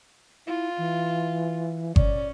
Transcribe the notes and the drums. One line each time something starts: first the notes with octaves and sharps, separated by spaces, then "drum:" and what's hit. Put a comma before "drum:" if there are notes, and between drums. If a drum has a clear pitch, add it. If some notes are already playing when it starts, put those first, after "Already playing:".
E4 F4
E3
C#4 D5, drum: kick G1